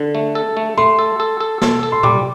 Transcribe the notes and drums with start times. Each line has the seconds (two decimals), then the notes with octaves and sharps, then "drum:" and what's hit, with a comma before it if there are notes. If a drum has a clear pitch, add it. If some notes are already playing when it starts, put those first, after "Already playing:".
Already playing: D3
0.15 A3
0.35 A4
0.57 A3
0.77 A3 C6
0.99 A4
1.20 A4
1.40 A4
1.62 A4, drum: snare
1.83 A4
1.92 C6
2.03 G3 D6, drum: tom A#2